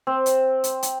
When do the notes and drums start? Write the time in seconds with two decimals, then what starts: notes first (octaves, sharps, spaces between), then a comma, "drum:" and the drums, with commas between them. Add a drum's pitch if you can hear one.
0.07 C4
0.26 drum: hi-hat
0.64 drum: hi-hat
0.83 drum: hi-hat